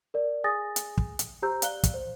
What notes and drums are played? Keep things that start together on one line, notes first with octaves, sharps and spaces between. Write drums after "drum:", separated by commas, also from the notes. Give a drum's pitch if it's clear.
A#4 D5
G#4 G#5 D#6 A6 A#6
drum: hi-hat
drum: kick
drum: hi-hat
G4 C5 A#5 E6 G6
D5 F5 F#6 G7, drum: hi-hat
drum: kick, hi-hat
C5